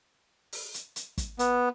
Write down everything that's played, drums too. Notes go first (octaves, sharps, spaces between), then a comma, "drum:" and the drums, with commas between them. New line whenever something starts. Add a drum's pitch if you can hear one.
drum: open hi-hat
drum: hi-hat
drum: hi-hat
drum: kick, hi-hat
B3, drum: hi-hat